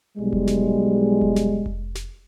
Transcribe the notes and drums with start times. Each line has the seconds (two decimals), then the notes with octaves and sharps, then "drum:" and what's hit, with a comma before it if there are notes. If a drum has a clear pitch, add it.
0.18 B1 G3 G#3
0.33 drum: kick F1
0.47 drum: snare
1.21 drum: kick F1
1.36 drum: snare
1.66 drum: kick F1
1.95 drum: snare